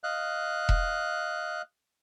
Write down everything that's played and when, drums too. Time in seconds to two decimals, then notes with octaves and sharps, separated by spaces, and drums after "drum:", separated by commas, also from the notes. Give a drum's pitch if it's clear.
0.04 D#5 F5 F#6
0.69 drum: kick E1